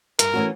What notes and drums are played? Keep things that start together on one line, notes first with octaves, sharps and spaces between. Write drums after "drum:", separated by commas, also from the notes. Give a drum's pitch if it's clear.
G2 A#4, drum: hi-hat
E3 A3 C#4 F#4